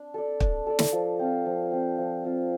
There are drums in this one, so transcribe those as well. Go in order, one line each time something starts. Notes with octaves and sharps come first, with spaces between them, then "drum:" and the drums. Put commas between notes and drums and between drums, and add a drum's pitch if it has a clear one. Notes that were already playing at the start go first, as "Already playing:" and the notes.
Already playing: D4
A4 D5
D4, drum: kick
A4 D5
drum: snare
F3
C4 F4
F3
C4 F4
F3
C4 F4